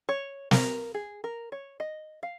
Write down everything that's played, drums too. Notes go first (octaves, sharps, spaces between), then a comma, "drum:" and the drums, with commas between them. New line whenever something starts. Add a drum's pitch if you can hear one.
C#5
A#4, drum: snare
G#4
A#4
C#5
D#5
F5